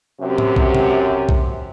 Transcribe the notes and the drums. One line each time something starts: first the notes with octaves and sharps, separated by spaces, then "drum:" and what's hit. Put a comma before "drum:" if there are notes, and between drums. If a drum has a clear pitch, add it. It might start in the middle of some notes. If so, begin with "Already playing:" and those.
F#2 C3
drum: tom
drum: kick B1
drum: tom C3
drum: kick B1